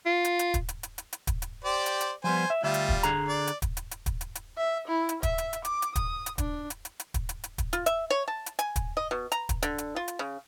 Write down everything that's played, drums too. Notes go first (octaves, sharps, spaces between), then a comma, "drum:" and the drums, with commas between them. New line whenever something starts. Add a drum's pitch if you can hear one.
F4
drum: hi-hat
drum: hi-hat
drum: kick, hi-hat
drum: hi-hat
drum: hi-hat
drum: hi-hat
drum: hi-hat
drum: kick, hi-hat
drum: hi-hat
G4 C5 D5
drum: hi-hat
drum: hi-hat
F3 G3 B3 C5 G#5
E5
D2 G3 F4 E5
drum: hi-hat
drum: kick
D3 G#4 A#5, drum: hi-hat
D5
drum: hi-hat
drum: kick, hi-hat
drum: hi-hat
drum: hi-hat
drum: kick, hi-hat
drum: hi-hat
drum: hi-hat
E5
E4
drum: hi-hat
E5, drum: kick, hi-hat
drum: hi-hat
drum: hi-hat
D6, drum: hi-hat
drum: hi-hat
D#6, drum: kick, hi-hat
drum: hi-hat
D4, drum: kick, hi-hat
drum: hi-hat
drum: hi-hat
drum: hi-hat
drum: kick, hi-hat
drum: hi-hat
drum: hi-hat
drum: kick, hi-hat
F4, drum: hi-hat
E5, drum: hi-hat
C#5
A5
drum: hi-hat
G#5, drum: hi-hat
drum: kick, hi-hat
D#5
B2
A#5, drum: hi-hat
drum: kick, hi-hat
D3, drum: hi-hat
drum: hi-hat
F4
drum: hi-hat
C#3